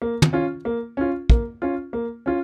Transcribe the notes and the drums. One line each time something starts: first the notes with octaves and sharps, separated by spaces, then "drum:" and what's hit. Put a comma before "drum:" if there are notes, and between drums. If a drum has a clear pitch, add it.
A#3
drum: tom
C#4 F4
A#3
C#4 F4
A#3, drum: kick
C#4 F4
A#3
C#4 F4